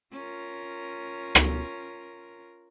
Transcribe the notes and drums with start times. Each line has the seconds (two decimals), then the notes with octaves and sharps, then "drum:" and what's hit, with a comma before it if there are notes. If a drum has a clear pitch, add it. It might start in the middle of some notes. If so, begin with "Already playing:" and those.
0.13 C#4 F4 A#4
1.35 drum: rim click